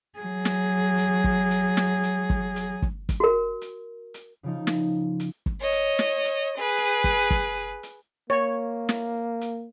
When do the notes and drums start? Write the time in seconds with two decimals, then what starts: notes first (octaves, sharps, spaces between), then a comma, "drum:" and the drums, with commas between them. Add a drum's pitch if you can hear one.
0.19 F#3 G#4
0.45 drum: snare
0.98 drum: hi-hat
1.24 drum: kick
1.51 drum: hi-hat
1.77 drum: snare
2.03 drum: hi-hat
2.30 drum: kick
2.56 drum: hi-hat
2.82 drum: kick
3.09 drum: kick, hi-hat
3.20 F#4 A#4
3.61 drum: hi-hat
4.14 drum: hi-hat
4.43 C#3 F3 D#4
4.67 drum: snare
5.20 drum: hi-hat
5.46 drum: kick
5.60 C#5 D#5
5.72 drum: hi-hat
5.99 drum: snare
6.25 drum: hi-hat
6.58 G#4 B4
6.78 drum: hi-hat
7.04 drum: kick
7.30 drum: kick, hi-hat
7.83 drum: hi-hat
8.30 A#3 C#5
8.89 drum: snare
9.41 drum: hi-hat